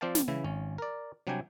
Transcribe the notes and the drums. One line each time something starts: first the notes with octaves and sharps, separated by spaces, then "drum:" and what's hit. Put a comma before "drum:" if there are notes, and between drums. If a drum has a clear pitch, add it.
F3 C4 D5 F5 G5 A5
drum: snare
C#3 E3 E4
G#1 C#4
A#4 D5
C3 F#3 G3 D4 G5 G#5